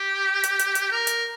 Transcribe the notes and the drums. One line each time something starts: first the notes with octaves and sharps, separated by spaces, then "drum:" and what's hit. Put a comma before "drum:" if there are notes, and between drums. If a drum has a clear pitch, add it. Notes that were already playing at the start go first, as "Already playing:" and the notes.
Already playing: G4
drum: hi-hat
drum: hi-hat
drum: hi-hat
A#4
drum: hi-hat